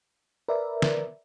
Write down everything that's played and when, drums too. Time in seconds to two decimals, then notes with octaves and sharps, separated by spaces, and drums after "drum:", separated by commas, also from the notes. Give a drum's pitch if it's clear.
0.48 A#4 B4 D5 E5
0.82 drum: snare